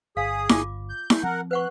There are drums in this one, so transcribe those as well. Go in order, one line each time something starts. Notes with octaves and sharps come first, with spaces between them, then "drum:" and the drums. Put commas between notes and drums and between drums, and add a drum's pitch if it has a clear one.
G1 G#4 F5 D#6
F4 D6, drum: snare E4
G6
drum: snare E4
F3 C4 A#4 F#5
B4 F#5 C#6 F#6